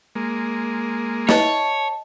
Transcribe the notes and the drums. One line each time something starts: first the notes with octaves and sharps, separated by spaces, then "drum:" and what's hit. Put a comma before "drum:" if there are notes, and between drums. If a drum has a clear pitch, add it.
G#3 A#3
C#5 D#5 A5, drum: snare